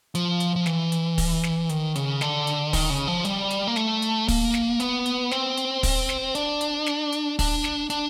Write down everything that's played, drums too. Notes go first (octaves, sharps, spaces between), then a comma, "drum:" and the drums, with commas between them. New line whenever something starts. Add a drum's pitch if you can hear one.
F3, drum: hi-hat
drum: hi-hat
F3
E3, drum: snare
drum: hi-hat
drum: kick, open hi-hat
drum: snare
D#3, drum: hi-hat
C#3, drum: hi-hat
D3, drum: snare
drum: hi-hat
D#3, drum: kick, open hi-hat
C#3
F3
G3, drum: hi-hat
drum: hi-hat
A#3
A3, drum: snare
drum: hi-hat
A#3, drum: kick, open hi-hat
drum: snare
B3, drum: hi-hat
drum: hi-hat
C4, drum: snare
drum: hi-hat
drum: kick, open hi-hat
drum: snare
D4, drum: hi-hat
drum: hi-hat
drum: snare
drum: hi-hat
D4, drum: kick, open hi-hat
drum: snare
D4, drum: hi-hat